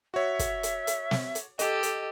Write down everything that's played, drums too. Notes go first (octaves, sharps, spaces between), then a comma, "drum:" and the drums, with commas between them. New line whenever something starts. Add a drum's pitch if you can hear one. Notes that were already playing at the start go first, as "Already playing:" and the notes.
F#4 C#5 E5
drum: kick, hi-hat
drum: hi-hat
drum: hi-hat
drum: snare
drum: hi-hat
G4 A4 D#5, drum: hi-hat
drum: hi-hat